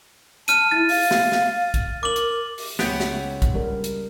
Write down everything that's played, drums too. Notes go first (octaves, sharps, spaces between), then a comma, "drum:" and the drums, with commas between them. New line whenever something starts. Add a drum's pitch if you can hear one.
A5 F6 D#7, drum: hi-hat
E4 A6
F5, drum: open hi-hat
drum: snare
drum: snare
drum: kick, hi-hat
A#4 D6 F#7
drum: hi-hat
drum: open hi-hat
C#2 B3 G4 C#5 F#5, drum: snare
drum: snare
drum: kick, hi-hat
G3 A#4
drum: hi-hat